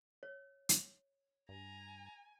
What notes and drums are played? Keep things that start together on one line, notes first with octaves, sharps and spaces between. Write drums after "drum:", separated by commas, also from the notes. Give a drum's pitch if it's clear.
C#5
drum: hi-hat
G2 G#5 A#5